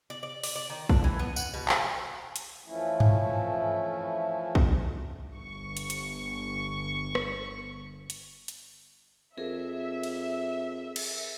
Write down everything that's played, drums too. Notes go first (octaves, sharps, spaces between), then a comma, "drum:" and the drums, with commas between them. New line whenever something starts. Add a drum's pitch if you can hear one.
D5
D5
D5, drum: open hi-hat
D5
D#3
D4, drum: kick A#1
E3
B3
F#5, drum: tambourine
B2
F3, drum: clap
drum: hi-hat
F2 E3 F3 A3 C#4 E4
drum: tom G2
drum: kick A#1
G1 C#6
drum: hi-hat
drum: hi-hat
drum: rim click
drum: hi-hat
drum: hi-hat
F2 G#4 A#4 E5
drum: cymbal
drum: cymbal